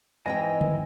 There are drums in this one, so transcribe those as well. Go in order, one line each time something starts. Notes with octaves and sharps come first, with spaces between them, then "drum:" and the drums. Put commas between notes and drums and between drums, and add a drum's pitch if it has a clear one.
G#2 E3 C4 D#5 G5 G#5
drum: tom D3